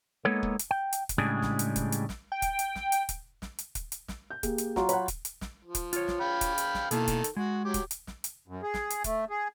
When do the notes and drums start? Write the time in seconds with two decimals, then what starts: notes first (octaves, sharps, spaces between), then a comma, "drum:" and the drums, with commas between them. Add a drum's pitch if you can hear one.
0.25 G#3 A#3 B3 D#4 A4 C#5
0.43 drum: kick
0.59 drum: hi-hat
0.71 G5
0.93 drum: hi-hat
1.09 drum: kick, hi-hat
1.18 A2 C#3 G3 G#3 D4 G#4
1.42 drum: snare
1.59 drum: hi-hat
1.76 drum: kick, hi-hat
1.92 drum: hi-hat
2.09 drum: snare
2.32 G5
2.42 drum: kick, hi-hat
2.59 drum: hi-hat
2.75 drum: snare
2.92 drum: hi-hat
3.09 drum: kick, hi-hat
3.42 drum: snare
3.59 drum: hi-hat
3.75 drum: kick, hi-hat
3.92 drum: hi-hat
4.08 drum: snare
4.30 G6
4.43 A#3 G4 G#4, drum: kick, hi-hat
4.58 drum: hi-hat
4.76 F#3 F4, drum: snare
4.89 C#5 F#5 B5, drum: hi-hat
5.08 drum: kick, hi-hat
5.25 drum: hi-hat
5.41 drum: snare
5.64 F3
5.75 drum: kick, hi-hat
5.93 F4 C#5, drum: hi-hat
6.08 drum: snare
6.20 F5 G5 B5
6.41 drum: kick, hi-hat
6.58 drum: hi-hat
6.74 drum: snare
6.91 B2 D#3 A#3 E4 A4, drum: hi-hat
7.08 drum: kick, hi-hat
7.24 drum: hi-hat
7.36 G#3 F#4
7.65 F#3 G4
7.74 drum: kick, hi-hat
7.91 drum: hi-hat
8.07 drum: snare
8.24 drum: hi-hat
8.48 F#2
8.63 G#4
8.74 drum: snare
8.90 drum: hi-hat
9.04 A3, drum: kick, hi-hat
9.30 G#4